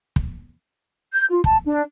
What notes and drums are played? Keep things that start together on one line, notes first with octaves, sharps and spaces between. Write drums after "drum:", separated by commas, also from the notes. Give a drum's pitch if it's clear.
drum: kick
G6
F4
A5, drum: kick
D4